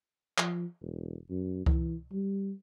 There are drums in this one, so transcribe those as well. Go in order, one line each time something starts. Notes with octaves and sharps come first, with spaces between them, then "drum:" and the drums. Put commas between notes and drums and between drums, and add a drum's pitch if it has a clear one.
F3, drum: clap
E1
F#2
E3, drum: kick C#2
G3